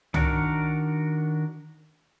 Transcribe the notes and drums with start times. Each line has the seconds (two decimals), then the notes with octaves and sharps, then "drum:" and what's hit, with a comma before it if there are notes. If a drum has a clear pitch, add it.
0.14 D#3 D4 F#4 A#4, drum: tom